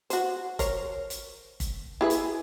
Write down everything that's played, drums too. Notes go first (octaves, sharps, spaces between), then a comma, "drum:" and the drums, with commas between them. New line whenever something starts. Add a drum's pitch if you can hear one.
F#4 C5, drum: hi-hat
A#4 C5 C#5, drum: kick, hi-hat
drum: hi-hat
drum: kick, hi-hat
E4 G#4 B4
drum: hi-hat